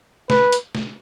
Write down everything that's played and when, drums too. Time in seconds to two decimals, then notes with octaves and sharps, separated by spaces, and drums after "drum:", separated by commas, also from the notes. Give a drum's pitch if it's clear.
0.30 B4, drum: snare
0.52 drum: hi-hat
0.75 drum: snare